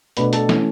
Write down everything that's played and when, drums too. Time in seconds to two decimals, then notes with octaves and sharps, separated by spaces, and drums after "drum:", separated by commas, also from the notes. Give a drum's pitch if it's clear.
0.17 B2 A3 D4 B4 B5, drum: hi-hat
0.33 A4 A5, drum: hi-hat
0.49 E3 A3 C#4, drum: snare